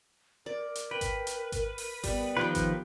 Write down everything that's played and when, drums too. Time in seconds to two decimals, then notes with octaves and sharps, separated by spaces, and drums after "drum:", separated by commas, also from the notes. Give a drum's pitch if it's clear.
0.46 A#4 D5
0.75 drum: hi-hat
0.91 B4 G5
1.01 drum: kick G#1, hi-hat
1.27 drum: hi-hat
1.52 drum: kick G#1, hi-hat
1.78 drum: open hi-hat
2.04 G3 B3, drum: kick G#1, open hi-hat
2.37 D#3 F3 F4 G4 B4 G5
2.55 drum: kick G#1, hi-hat